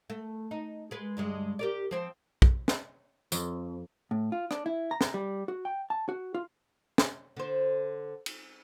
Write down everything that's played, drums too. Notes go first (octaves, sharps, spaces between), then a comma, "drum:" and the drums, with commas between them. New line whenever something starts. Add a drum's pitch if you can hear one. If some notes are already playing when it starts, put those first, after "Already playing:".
A3
D#4
G#3 B4
D2 G2 G#3
G4 A#4 D5
F3 C4 C5
drum: kick
drum: snare
F2, drum: tambourine
A2
F4
D4, drum: rim click
E4
A#5
drum: snare
G3
F#4
G5
A5
F#4
F4
drum: snare
D3 C5
drum: cymbal